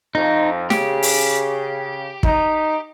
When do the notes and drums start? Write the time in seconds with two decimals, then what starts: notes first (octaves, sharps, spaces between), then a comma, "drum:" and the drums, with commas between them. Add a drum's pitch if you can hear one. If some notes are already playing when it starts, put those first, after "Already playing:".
0.15 F2 D#4
0.70 C#3 G4, drum: snare
1.03 drum: open hi-hat
2.23 D#4, drum: kick